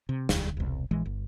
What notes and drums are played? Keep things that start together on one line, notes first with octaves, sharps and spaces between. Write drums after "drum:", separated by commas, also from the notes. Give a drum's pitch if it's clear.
C3
E1 D2, drum: snare
E1 C2
A#1 E3 G#3
G1